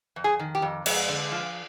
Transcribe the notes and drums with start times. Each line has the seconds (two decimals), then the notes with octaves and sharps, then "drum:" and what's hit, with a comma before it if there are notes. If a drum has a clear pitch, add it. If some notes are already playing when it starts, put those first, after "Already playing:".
0.16 F2
0.24 G#4
0.40 D#3
0.55 G4
0.62 F2
0.86 F2 G#3, drum: cymbal
1.09 D3
1.32 F3